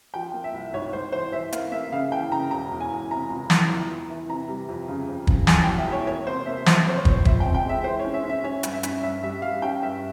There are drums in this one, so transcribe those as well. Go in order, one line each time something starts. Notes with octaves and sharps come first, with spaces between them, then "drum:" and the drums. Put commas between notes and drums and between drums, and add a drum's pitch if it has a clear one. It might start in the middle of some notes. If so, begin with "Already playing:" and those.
F3 G5
A#3
E5
C2
G#1 C#5
G#1 C5
E3 C5
E3 E5
A#3 F5, drum: hi-hat
A#3 E5
C#3 F5
E3 G5
C#3 A#5
E1 A#5
E2
G#5
E2
C3 A#5
C#2
E3, drum: snare
E2
E3
E3
C3 A#5
G3
F2
C#3
F2
C#3, drum: kick
E2 G#5, drum: snare
G5
E1
E5
E2
C#5
A#3 C#5
C3 C5
A#3 E5
C#2 C5, drum: snare
C3 C5
C#5
C#2, drum: kick
F2 E5, drum: kick
G5
C4
G5
G#3 E5
E3 C5
C#5
C#4
E5
C#4
E5
C#4 C#5
G2, drum: hi-hat
E5
C#4, drum: hi-hat
G2 E5
G3 E5
G3 F5
C#4 G5
G2 E5